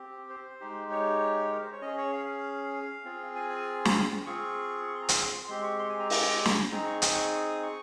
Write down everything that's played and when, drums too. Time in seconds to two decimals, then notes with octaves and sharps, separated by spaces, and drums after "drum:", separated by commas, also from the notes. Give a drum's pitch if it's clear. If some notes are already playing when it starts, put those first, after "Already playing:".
Already playing: C4 G4
0.29 C5
0.60 G#3 D#4 G4
0.91 C#5
1.52 A#4
1.61 C5
1.73 C#5
1.82 C#4 G#4 D#5
1.98 C#5
2.13 F5
3.04 C4 F4 G#4
3.35 G#5
3.50 G#5
3.85 drum: snare
4.26 C4 F4 G#4 C#6
4.87 C#6
4.95 C6
5.02 A#5
5.09 C6, drum: hi-hat
5.48 G#3 C4 G4 C6
5.64 C#6
5.79 C6
5.89 G#5
5.99 A#5
6.10 G#5, drum: open hi-hat
6.46 drum: snare
6.71 C4 D#4 G#4 A#5
6.86 C#6
7.02 D#6, drum: hi-hat
7.14 C#6
7.28 D#6
7.63 C#6